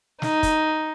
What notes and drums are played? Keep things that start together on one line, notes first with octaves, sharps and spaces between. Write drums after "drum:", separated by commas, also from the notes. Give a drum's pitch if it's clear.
D#4, drum: snare
drum: kick, hi-hat